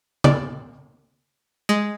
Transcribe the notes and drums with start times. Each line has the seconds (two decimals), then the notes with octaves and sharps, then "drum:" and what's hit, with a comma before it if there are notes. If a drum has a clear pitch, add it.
0.24 D5, drum: tom
1.69 G#3